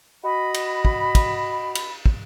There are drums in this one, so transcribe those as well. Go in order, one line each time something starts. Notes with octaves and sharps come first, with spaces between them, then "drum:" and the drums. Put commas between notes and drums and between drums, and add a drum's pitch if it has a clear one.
F#4 D#5 B5
drum: cymbal
drum: kick
drum: kick, cymbal
drum: cymbal
drum: kick